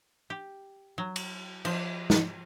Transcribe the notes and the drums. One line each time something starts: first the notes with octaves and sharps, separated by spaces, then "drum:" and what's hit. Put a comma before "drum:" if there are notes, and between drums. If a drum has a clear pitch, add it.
G4
F#3
drum: cymbal
F3, drum: cymbal
drum: snare